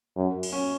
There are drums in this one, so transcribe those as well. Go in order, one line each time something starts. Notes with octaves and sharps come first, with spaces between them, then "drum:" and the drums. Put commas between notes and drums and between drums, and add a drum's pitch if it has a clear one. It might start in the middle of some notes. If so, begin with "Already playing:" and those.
F#2
drum: cymbal
C#4